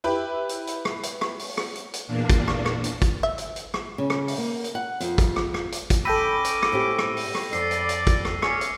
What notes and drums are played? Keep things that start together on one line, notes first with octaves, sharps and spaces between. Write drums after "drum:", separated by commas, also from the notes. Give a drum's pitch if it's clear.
E4 G4 B4
drum: hi-hat
drum: hi-hat
drum: rim click
drum: hi-hat
drum: rim click
drum: open hi-hat
drum: rim click
drum: hi-hat
drum: hi-hat
E2 A#2 A#3 D4
drum: kick, hi-hat
drum: rim click
drum: rim click
drum: hi-hat
drum: kick, hi-hat
E5
drum: hi-hat
drum: hi-hat
drum: rim click
C#3
drum: rim click
drum: open hi-hat
A#3
drum: hi-hat
F#5
F2, drum: hi-hat
drum: kick, hi-hat
drum: rim click
drum: rim click
drum: hi-hat
drum: kick, hi-hat
C#4 A4 G5 B5 D6 E6 A#6 D#7
drum: hi-hat
drum: rim click
A2 C4 G4
drum: rim click
drum: open hi-hat
drum: rim click
F2 D5 E6 C7, drum: hi-hat
drum: hi-hat
drum: hi-hat
drum: kick, hi-hat
drum: rim click
C#4 D6 C#7, drum: rim click
drum: hi-hat